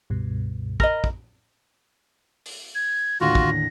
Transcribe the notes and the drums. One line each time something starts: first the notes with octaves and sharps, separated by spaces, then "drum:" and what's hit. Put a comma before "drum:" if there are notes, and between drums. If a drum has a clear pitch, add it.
C#2 G2 B2
A#4 D#5 B5 A#6, drum: kick
drum: kick
drum: open hi-hat
G#6
D#2 A2 D3 F4 F#4 A#6
drum: kick